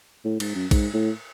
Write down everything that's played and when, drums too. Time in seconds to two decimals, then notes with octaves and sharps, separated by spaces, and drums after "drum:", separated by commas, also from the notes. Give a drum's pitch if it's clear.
0.25 A2
0.40 G#2, drum: cymbal
0.55 F#2
0.71 G#2, drum: kick A#1, cymbal
0.94 A2